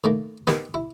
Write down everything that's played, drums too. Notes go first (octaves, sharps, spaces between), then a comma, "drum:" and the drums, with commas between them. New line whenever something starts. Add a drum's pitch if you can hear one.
D#3 A3 A#3
B3 D#4 G4 A#4, drum: snare
E4